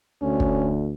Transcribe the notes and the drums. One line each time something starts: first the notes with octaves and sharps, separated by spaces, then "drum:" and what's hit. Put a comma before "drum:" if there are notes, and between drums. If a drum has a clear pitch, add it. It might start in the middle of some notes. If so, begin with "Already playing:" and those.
D2 C#4
drum: kick